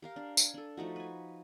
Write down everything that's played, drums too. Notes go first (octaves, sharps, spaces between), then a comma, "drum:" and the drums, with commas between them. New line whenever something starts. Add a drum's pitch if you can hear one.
G4 A#4 F5
D4
G#5, drum: tambourine
D4 A4
F3 A3 D#4 F#4
B4 G#5